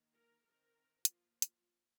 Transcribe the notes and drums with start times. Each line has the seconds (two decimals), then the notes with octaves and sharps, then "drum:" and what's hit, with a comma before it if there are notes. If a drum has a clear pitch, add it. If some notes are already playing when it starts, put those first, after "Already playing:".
Already playing: D#3 A#3
0.15 A#4
0.45 D#3 C4 A#4
1.05 F3 A#3 F4, drum: hi-hat
1.42 drum: hi-hat